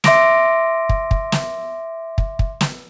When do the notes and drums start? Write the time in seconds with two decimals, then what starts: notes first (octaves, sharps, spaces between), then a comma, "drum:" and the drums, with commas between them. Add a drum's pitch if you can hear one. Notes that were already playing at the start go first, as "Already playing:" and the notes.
0.04 E5 C6 D6 A#6 D7, drum: snare
0.89 drum: kick
1.11 drum: kick
1.32 drum: snare
2.18 drum: kick
2.39 drum: kick
2.61 drum: snare